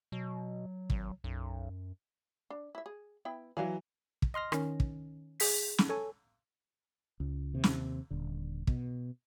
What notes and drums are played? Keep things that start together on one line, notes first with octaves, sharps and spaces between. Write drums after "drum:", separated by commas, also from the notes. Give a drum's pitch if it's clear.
B2 F#3
G#1, drum: kick
B1 F#2
D4
E4 E5
G#4
B3 E4 G5
E3 F#3 D5 F5
drum: kick
D#5 C6 F6 A#6
D#3 C#4, drum: rim click
drum: kick
G#4 B6, drum: open hi-hat
drum: snare
A4 C#5 G#5
C#2
D#2 C3
drum: snare
D#1 D3
B2, drum: kick